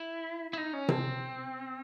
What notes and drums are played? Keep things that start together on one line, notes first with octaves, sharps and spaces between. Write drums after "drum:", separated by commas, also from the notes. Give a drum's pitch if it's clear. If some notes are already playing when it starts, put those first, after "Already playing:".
Already playing: E4
E4
D#4
C#4
C4, drum: tom C3